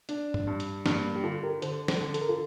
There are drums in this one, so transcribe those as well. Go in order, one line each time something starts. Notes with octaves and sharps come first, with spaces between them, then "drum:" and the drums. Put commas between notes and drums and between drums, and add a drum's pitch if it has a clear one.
D4, drum: hi-hat
drum: tom G2
G2
drum: hi-hat
G2 A#3 D4, drum: snare
A#3
G4
D3 F4 A4
G4 A#4
D3 A4 C5, drum: hi-hat
A4 C5, drum: snare
D3
A4, drum: hi-hat
A#4
F4 A4